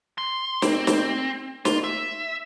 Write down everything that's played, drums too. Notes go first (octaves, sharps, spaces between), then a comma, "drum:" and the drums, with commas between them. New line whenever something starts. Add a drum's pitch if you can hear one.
C6
C4, drum: snare
drum: snare
F4, drum: snare
E5